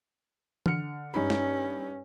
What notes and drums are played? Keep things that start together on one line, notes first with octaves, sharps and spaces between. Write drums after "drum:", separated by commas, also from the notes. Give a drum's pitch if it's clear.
D3 F6 C#7, drum: tom E3
G2 C#4 D#4 B5
drum: snare